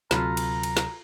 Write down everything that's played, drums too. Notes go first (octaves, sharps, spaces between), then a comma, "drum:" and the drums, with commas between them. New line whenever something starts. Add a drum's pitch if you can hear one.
D2 C3 F#3 F4 A4 B4 A#5, drum: snare
drum: cymbal
drum: cymbal
drum: snare